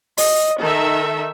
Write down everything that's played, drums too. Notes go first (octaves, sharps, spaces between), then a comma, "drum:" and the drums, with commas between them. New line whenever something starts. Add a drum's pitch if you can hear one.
D#5, drum: open hi-hat
D#3 A4 E5